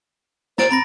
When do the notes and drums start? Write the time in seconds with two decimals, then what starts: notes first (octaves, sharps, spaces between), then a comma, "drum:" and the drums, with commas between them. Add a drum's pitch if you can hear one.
0.58 C5 A#5 A6 D7, drum: snare
0.71 C4 A#5 B5 A#6